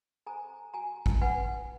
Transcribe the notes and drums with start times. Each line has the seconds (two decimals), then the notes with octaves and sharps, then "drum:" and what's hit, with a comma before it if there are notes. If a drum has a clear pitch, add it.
0.26 A4 C5 G#5 A#5
0.74 F#4 G#5 A#5
1.06 drum: kick A1
1.21 B4 F#5 G#5